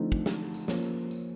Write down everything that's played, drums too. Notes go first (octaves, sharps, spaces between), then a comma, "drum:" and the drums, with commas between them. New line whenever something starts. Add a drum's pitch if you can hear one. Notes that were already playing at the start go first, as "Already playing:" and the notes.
Already playing: D3 F3 A3 C4 D#4
drum: kick
drum: snare
drum: tambourine
F3 A#3 C#4, drum: snare
drum: tambourine
drum: tambourine